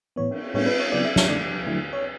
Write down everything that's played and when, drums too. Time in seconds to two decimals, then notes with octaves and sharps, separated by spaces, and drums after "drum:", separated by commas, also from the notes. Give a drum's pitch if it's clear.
0.16 A2 E3 B3 C#5
0.31 drum: cymbal
0.54 A2 G3 B3 D4 C#5, drum: cymbal
0.66 B4
0.80 C#5
0.92 C#3 F#3 B3 E4 D5
1.05 E5
1.16 E5, drum: snare
1.29 C#3 E3 A3 D4 D5
1.66 D3 F#3 A3 E4
1.93 C#5